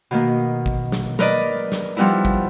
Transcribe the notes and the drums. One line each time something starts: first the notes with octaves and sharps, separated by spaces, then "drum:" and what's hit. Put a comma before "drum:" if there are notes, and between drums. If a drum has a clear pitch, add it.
B2 D#3 A#3
drum: kick G#1
drum: snare
A#4 B4 D5 D#5, drum: snare
drum: snare
F3 G3 B3 D#4 E4
drum: kick G#1